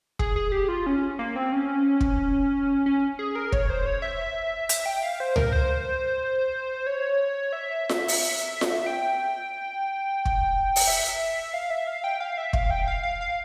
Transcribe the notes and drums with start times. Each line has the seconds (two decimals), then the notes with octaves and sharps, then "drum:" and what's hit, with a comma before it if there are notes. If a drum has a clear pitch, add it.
0.19 G#4, drum: kick
0.36 G#4
0.52 G4
0.69 F4
0.86 C#4
1.19 A#3
1.36 C4
1.52 C#4
2.01 drum: kick
2.86 C#4
3.19 G#4
3.35 A#4
3.52 C#5, drum: kick
3.70 C5
3.86 C#5
4.02 E5
4.69 drum: hi-hat
4.86 G5
5.03 F5
5.20 C5
5.36 A#4, drum: tom C#2
5.53 C5
6.87 C#5
7.53 E5
7.89 drum: snare F4
8.08 drum: open hi-hat
8.61 drum: snare F4
8.86 G5
10.25 drum: kick
10.76 drum: open hi-hat
10.87 E5
11.53 F5
11.71 E5
11.87 F5
12.04 G5
12.20 F5
12.38 E5
12.53 F5, drum: kick
12.71 G5
12.88 F5
13.03 F5
13.21 F5